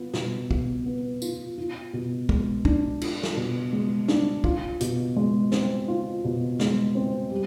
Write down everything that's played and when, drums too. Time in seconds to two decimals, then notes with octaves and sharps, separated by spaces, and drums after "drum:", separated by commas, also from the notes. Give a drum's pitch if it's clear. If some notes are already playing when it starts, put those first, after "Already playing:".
Already playing: B3 F4
0.14 B2, drum: snare
0.51 B2, drum: kick
0.86 B3
1.22 F4, drum: tambourine
1.58 F4
1.93 B2
2.29 G#3, drum: kick
2.65 D4, drum: kick
3.02 F4, drum: cymbal
3.23 drum: snare
3.37 B2
3.73 G#3
4.08 D4, drum: snare
4.44 F4, drum: kick
4.81 B2, drum: hi-hat
5.16 G#3
5.52 C4, drum: snare
5.88 F4
6.24 B2
6.60 G#3, drum: snare
6.95 C4
7.31 G3